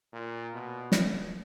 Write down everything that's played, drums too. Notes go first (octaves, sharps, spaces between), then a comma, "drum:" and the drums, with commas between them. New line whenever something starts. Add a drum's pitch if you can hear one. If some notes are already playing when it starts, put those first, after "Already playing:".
A#2
B2
drum: snare